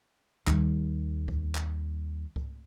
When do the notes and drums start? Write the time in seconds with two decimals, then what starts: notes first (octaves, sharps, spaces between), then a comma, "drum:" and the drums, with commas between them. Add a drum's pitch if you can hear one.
0.47 D#2 G3, drum: clap
1.28 drum: kick C#2
1.55 drum: clap
2.36 drum: kick C#2